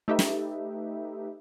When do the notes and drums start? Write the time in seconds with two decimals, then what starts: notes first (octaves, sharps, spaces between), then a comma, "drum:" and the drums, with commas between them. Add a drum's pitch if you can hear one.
0.08 A3 D#4 G4 B4 E5
0.19 drum: snare